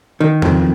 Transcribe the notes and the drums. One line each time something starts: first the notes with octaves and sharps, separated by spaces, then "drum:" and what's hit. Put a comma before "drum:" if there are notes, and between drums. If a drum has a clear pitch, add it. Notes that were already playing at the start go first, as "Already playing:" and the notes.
D#3
F2, drum: tom E2